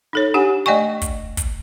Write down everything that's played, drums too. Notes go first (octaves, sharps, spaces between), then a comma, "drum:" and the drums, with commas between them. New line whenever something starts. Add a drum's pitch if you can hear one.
D#4 A4 C#5
D4 G4 F#5 G#5
A3 D5 D#5 G5 G#5 C#6
drum: kick, hi-hat
drum: kick, hi-hat